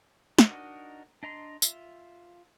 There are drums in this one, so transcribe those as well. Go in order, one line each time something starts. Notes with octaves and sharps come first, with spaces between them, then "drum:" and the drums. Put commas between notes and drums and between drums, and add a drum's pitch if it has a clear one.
D4 D#4 F#4 A#4 D#5, drum: snare
D4 D#5 A#5 C6
F4 E5, drum: tambourine